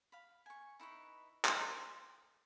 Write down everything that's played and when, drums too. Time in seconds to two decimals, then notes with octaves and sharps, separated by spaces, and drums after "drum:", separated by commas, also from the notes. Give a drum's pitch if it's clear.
0.12 F5 B5
0.46 G#5 C#6
0.80 D#4 E4 B4 C#6
1.45 F5 C6, drum: clap